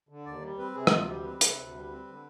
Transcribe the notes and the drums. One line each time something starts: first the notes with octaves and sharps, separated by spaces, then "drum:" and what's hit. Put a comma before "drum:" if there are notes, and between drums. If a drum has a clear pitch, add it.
D3
D#2 D5
G3
C4 B4
C3 G#4
D#4, drum: rim click
D2 F4
G3 G4
C4 B4
C3, drum: hi-hat
D2
G3
C4
D3